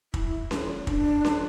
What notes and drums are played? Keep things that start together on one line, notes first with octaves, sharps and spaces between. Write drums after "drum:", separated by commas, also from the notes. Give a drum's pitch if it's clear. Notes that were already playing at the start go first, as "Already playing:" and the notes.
E4, drum: kick
drum: snare C#4
D4, drum: kick
drum: snare C#4